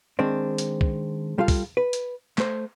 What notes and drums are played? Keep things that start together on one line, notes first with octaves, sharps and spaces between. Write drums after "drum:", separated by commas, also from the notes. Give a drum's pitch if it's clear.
D#3 G#3 C4 D4
drum: hi-hat
drum: kick
G3 F4 A4 F5
drum: kick, open hi-hat
B4
drum: hi-hat
A3 C5, drum: clap